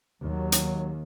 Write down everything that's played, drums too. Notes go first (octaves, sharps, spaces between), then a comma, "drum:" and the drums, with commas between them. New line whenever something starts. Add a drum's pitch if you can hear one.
D#2 F#3
drum: hi-hat